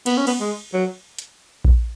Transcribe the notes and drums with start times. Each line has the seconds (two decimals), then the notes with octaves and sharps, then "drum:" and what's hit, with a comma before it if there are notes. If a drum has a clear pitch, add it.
0.06 B3, drum: cymbal
0.17 C#4
0.27 B3, drum: cymbal
0.40 G#3
0.74 F#3
1.19 drum: hi-hat
1.65 drum: kick A#1